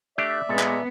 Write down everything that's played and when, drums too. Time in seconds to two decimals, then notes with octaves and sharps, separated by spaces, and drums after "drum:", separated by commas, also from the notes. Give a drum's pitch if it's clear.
0.18 A3 D4 G4 D5 E5
0.49 A#2 G#3 B3 A4
0.59 drum: clap